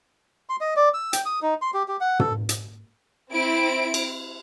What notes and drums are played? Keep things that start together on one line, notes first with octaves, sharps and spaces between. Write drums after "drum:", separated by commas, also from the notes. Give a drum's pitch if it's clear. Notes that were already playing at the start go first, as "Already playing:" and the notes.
C6
D#5
D5
E6
G5, drum: hi-hat
D#6
D#4
C6
G4
G4
F#5
A4, drum: tom
drum: hi-hat
C4 E4 D7
drum: cymbal